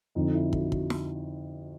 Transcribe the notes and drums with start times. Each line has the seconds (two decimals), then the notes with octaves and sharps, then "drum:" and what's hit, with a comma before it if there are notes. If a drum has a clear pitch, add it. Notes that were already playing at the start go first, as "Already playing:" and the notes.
0.15 F2 D3 D#4
0.34 E4
0.53 F#4, drum: kick
0.72 F#4, drum: kick
0.90 drum: snare